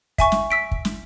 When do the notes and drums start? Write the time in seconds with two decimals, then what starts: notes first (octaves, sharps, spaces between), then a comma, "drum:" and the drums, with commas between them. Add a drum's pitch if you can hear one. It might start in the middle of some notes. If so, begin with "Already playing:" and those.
0.18 E5 G#5 C#6, drum: kick, hi-hat
0.32 drum: snare
0.50 E6 B6 D7
0.71 drum: kick
0.85 drum: snare